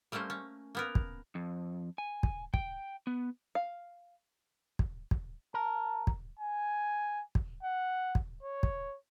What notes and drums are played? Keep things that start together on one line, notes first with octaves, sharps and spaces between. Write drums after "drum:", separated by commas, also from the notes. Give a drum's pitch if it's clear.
G3 A3 A#3 C#4 C5
C#4
A#3 B3 A#4
drum: kick
F2
G#5
drum: kick
G5, drum: kick
B3
F5
drum: kick
drum: kick
A#4 A5
drum: kick
G#5
drum: kick
F#5
drum: kick
C#5
drum: kick